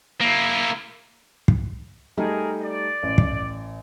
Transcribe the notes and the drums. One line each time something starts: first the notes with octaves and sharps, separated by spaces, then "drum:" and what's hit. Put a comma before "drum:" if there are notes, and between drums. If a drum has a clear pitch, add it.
A#3 E4
drum: kick
G3 A3 D#4 G#4 A#4 G#5
D5
A1
drum: kick